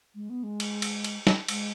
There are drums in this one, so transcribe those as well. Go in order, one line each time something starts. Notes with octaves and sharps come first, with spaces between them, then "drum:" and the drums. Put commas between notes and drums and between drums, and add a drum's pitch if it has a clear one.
G#3
B3
G#3
drum: cymbal
drum: cymbal
drum: cymbal
drum: snare
G#3, drum: cymbal